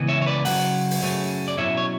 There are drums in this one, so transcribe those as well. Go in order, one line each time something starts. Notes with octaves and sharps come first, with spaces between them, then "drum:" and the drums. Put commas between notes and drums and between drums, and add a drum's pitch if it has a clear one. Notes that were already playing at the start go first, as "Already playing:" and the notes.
Already playing: C#2 C#3 E3 B3
C#5 E5
C#5
B4 D5
F#2 C#3 F#3 F#5, drum: open hi-hat
drum: open hi-hat
F#2 C#3 F#3 A3 C#4
D5
B2 F#3 C#4 E4 C#5 E5
C#5